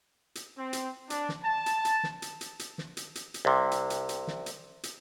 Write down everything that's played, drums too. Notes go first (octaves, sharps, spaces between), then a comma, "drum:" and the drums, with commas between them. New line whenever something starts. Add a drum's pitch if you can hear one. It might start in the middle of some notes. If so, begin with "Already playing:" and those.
drum: hi-hat
C4
drum: hi-hat
D4, drum: hi-hat
drum: snare
A5
drum: hi-hat
drum: hi-hat
drum: snare
drum: hi-hat
drum: hi-hat
drum: hi-hat
drum: snare
drum: hi-hat
drum: hi-hat
drum: hi-hat
C2 C3
drum: hi-hat
drum: hi-hat
drum: hi-hat
drum: snare
drum: hi-hat
drum: hi-hat